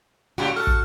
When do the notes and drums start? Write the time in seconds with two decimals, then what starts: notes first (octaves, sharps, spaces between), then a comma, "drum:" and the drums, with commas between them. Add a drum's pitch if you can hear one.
0.38 G#2 C#3 F#4 G4 D7
0.56 A4 F6 F#6
0.67 drum: kick